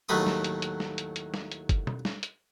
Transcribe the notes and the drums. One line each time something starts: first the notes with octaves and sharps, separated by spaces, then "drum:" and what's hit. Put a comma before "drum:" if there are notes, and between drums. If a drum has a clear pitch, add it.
D#2 A2 F#3 A3 B5 D#6
drum: snare
drum: hi-hat
drum: hi-hat
drum: snare
drum: hi-hat
drum: hi-hat
drum: snare
drum: hi-hat
drum: kick F#1, hi-hat
drum: tom
drum: snare
drum: hi-hat